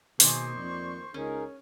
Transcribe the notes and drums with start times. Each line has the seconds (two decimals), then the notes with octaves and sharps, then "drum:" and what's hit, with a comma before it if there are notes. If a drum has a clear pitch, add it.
0.20 B2 D#3 A#3 G#4 C5 D#5 C#6, drum: open hi-hat
0.56 F2 D5
1.14 C#2 C#4 D#4 G#4 A#4